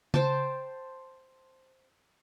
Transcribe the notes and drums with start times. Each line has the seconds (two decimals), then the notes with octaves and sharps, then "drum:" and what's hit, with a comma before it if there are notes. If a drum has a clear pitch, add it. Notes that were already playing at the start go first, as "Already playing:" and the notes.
0.14 C5 G5 A5, drum: tom C#3